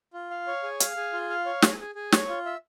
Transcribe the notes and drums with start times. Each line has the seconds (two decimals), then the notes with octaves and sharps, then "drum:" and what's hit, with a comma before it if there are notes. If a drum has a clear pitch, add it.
0.14 F4
0.31 F5
0.47 C#5
0.63 G#4
0.80 F5, drum: hi-hat
0.96 G#4
1.13 F4
1.30 F5
1.46 C#5
1.62 G#4, drum: snare
1.80 G#4
1.95 G#4
2.12 C#5, drum: snare
2.29 F4
2.46 E5